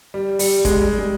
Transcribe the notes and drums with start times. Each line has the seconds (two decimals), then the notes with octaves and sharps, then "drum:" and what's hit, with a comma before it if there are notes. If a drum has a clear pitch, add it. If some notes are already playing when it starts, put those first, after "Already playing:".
0.14 G3
0.39 G3, drum: open hi-hat
0.65 G#3, drum: kick, hi-hat
0.81 G3
0.99 G#3